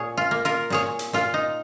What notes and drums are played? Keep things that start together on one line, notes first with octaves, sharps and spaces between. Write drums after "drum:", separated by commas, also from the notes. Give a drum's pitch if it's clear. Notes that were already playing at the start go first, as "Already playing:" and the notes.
Already playing: A#2 G#4 C#5
F4
A#3
F4 A#4
A#2 G#4 C#5, drum: snare
drum: hi-hat
A#2 F4, drum: snare
D#4